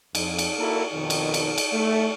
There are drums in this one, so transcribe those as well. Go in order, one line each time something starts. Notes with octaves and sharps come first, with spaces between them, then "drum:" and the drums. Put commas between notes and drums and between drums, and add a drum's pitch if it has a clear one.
F2, drum: cymbal
drum: cymbal
A#3 E4 F#4 A4 A#4
F2 B2 D#3
drum: cymbal
drum: cymbal
drum: cymbal
A3